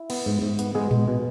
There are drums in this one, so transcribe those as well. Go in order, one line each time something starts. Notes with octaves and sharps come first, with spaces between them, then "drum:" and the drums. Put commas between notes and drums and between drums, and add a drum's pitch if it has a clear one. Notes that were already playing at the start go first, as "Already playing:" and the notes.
Already playing: E4
B3, drum: cymbal
G#2
G#2
B3, drum: hi-hat
G#3 B3 G#4
G#3, drum: tom A2
B2